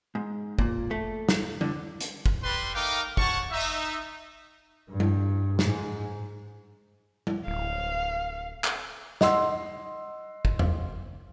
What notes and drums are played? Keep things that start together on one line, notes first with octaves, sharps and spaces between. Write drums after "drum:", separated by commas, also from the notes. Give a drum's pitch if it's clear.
G#2
A#2, drum: kick
A3
drum: snare
D3, drum: tom G3
drum: hi-hat
drum: kick
G3 B4 C6
A3 D#4 A#4 F5 G5 D6
C#5 F#5 A5 C#6, drum: kick
D#4 E5
drum: tambourine
G2
drum: tom G3
G#2, drum: snare
drum: tom G3
D1 F5
drum: clap
D#5 F#5 C6 E6, drum: snare
drum: kick
drum: tom E2